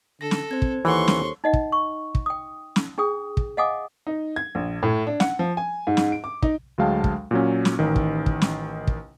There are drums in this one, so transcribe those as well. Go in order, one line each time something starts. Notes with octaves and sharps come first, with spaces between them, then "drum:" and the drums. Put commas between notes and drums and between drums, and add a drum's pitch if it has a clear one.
D3 A4 A#6
drum: snare
C4 C5 G#6
drum: kick
D#2 E3 A4 C5 C#5 F#5 C6 C#6
drum: snare
D#4 D#5 F#5
drum: kick
C#6
drum: kick
G5 D#6
drum: snare
D4 G#4 G5 D#6
drum: kick
D#5 F5 F#5 G#5 D6 D#6
D#4
G#6
A#1
A2
D4
F#5, drum: snare
F3
G#5
G#2
drum: snare
D7
D6
D#4, drum: kick
D2 F#3 G#3 F5 G5 A5
drum: kick
A#2 F#3 C#4
drum: snare
A1 D#3
drum: kick
drum: kick
drum: snare
drum: kick